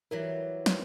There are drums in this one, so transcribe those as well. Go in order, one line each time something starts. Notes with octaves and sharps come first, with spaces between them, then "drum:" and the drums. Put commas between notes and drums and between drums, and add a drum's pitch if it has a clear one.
E3 F#3 G3 A#4
C4, drum: snare